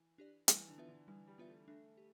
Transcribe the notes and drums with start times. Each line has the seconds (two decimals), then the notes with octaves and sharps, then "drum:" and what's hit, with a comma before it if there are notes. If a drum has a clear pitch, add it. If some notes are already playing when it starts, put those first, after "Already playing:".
Already playing: E3
0.18 D4 G4 D5
0.48 E3 G3, drum: hi-hat
0.68 D3
0.78 B3 F4 B4 E5
0.88 D3
1.08 E3 G3
1.27 G3
1.38 B3 F4 B4 E5
1.48 A3
1.68 A3 D4
1.97 G4